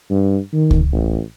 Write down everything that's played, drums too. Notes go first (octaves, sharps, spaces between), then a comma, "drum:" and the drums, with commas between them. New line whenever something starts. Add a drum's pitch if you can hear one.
G2
D#3
drum: kick C#2
A1